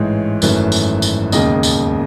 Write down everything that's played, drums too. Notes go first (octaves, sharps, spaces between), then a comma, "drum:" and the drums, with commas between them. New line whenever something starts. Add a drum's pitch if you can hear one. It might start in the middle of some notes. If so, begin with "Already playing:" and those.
Already playing: A1 G#2 E3 G#3 C#5
G#1 F#2 E3 A3, drum: tambourine
drum: tambourine
drum: tambourine
E1 D#2 C#3 D#5, drum: tambourine
drum: tambourine